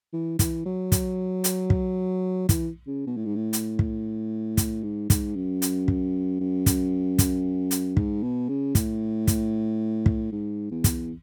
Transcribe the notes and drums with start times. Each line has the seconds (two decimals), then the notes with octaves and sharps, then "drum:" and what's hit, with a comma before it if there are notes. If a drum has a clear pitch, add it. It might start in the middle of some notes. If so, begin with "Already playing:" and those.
0.13 E3
0.39 E3, drum: kick, hi-hat
0.66 F#3
0.92 drum: kick, hi-hat
1.44 drum: hi-hat
1.70 drum: kick
2.49 E3, drum: kick, hi-hat
2.87 C#3
3.07 B2
3.17 A2
3.26 G#2
3.36 A2
3.53 drum: hi-hat
3.79 drum: kick
4.57 drum: kick, hi-hat
4.83 G#2
5.10 G#2, drum: kick, hi-hat
5.36 F#2
5.62 drum: hi-hat
5.88 drum: kick
6.40 F#2
6.66 drum: kick, hi-hat
7.19 drum: kick, hi-hat
7.71 drum: hi-hat
7.97 G#2, drum: kick
8.23 B2
8.49 C#3
8.75 A2, drum: kick, hi-hat
9.27 drum: kick, hi-hat
10.06 drum: kick
10.32 G#2
10.71 E2
10.84 drum: kick, hi-hat